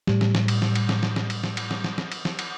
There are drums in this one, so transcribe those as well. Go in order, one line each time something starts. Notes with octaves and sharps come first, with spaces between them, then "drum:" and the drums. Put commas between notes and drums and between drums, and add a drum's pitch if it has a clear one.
A2 G3, drum: snare
drum: snare
drum: snare
drum: cymbal
drum: snare
drum: cymbal
drum: snare
drum: snare
drum: snare
drum: cymbal
drum: snare
drum: cymbal
drum: snare
drum: snare
drum: snare
drum: cymbal
drum: snare
drum: cymbal